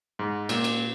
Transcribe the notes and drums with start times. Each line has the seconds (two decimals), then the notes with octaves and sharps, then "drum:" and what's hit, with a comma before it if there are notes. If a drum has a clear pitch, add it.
0.19 G#2
0.49 A#2, drum: cymbal
0.64 drum: cymbal